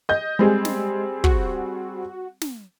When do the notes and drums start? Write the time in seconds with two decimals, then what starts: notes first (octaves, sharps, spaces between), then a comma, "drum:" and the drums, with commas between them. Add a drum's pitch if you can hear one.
0.09 D#5 G6
0.39 G3 G#3 C4 G#4
0.65 drum: snare
1.24 F#4, drum: kick
2.42 drum: snare